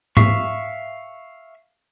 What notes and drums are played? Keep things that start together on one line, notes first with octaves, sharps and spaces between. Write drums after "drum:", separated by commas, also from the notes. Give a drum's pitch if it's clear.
E5 F5 C#6, drum: tom G#2